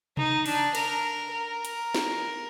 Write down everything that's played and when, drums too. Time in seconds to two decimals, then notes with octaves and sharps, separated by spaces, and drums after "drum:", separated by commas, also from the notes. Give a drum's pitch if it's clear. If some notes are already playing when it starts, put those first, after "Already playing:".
0.17 D#4, drum: tom C3
0.46 D4, drum: open hi-hat
0.75 A#4, drum: cymbal
1.31 A#4
1.65 drum: hi-hat
1.95 drum: snare